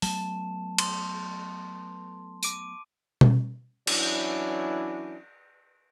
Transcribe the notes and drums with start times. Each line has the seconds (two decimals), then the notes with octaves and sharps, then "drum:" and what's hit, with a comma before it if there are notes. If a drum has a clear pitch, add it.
0.02 F#3 A3 B3 A5, drum: open hi-hat
0.78 C6, drum: cymbal
2.43 D6 D7 D#7, drum: tambourine
3.21 drum: tom B2
3.87 E3 F#3 C#4 D4 E4, drum: cymbal